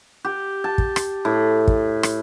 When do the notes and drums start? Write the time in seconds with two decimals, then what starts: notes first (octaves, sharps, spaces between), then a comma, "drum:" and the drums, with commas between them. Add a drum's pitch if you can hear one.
0.25 G4
0.64 A5
0.78 drum: kick
0.96 drum: rim click
1.25 A2
1.68 drum: kick
2.03 drum: rim click